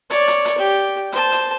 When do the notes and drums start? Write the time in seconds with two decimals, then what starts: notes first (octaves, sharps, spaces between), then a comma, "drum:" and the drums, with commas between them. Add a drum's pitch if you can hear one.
0.10 C#5 D5, drum: hi-hat
0.28 drum: hi-hat
0.45 drum: hi-hat
0.58 G4
1.12 C5 A5, drum: hi-hat
1.32 drum: hi-hat